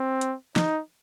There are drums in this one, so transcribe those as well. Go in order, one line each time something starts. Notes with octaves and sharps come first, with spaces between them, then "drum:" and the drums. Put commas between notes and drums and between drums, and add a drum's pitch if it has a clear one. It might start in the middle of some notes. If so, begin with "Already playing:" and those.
Already playing: C4
drum: hi-hat
D#4, drum: snare